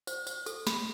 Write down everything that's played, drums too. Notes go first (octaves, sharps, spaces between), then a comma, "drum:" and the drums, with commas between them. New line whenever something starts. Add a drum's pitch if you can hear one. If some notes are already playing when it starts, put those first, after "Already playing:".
C5, drum: tambourine
C5, drum: tambourine
A4, drum: tambourine
B5, drum: snare